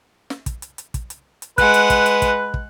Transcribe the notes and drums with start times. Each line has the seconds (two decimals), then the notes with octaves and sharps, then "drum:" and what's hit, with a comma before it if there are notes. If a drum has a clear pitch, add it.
0.30 drum: snare
0.46 drum: kick, hi-hat
0.62 drum: hi-hat
0.78 drum: hi-hat
0.94 drum: kick, hi-hat
1.10 drum: hi-hat
1.42 drum: hi-hat
1.58 G#3 B4 F#5 F#6, drum: kick, hi-hat
1.74 drum: hi-hat
1.90 drum: kick, hi-hat
2.06 drum: hi-hat
2.22 drum: kick, hi-hat
2.54 drum: kick